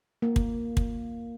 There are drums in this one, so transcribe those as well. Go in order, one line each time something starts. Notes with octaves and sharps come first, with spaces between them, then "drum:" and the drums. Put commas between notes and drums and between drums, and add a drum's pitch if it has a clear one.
A#3
drum: kick
drum: kick